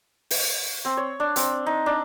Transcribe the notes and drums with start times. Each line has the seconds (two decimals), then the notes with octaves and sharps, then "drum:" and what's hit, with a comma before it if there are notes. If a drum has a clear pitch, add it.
0.31 drum: open hi-hat
0.85 C4
0.97 C#5
1.20 D4
1.36 C4, drum: hi-hat
1.66 D#4
1.86 D4